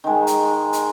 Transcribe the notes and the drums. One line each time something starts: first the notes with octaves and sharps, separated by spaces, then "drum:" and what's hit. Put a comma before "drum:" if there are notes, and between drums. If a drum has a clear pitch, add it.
D#3 G#3
drum: hi-hat
drum: hi-hat